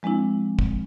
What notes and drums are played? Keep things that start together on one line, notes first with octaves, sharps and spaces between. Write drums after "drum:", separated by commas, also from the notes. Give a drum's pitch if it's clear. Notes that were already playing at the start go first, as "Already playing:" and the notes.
F3 G#3 C4 D4 E4
drum: kick